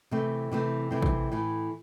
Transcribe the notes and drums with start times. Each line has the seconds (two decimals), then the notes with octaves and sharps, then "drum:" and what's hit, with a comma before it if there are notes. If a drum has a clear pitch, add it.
0.11 C3 E3 A3 C4
0.51 C3 E3 A3 C4
0.91 C3 E3 A3 C4
1.02 drum: kick
1.32 A2 E3 A3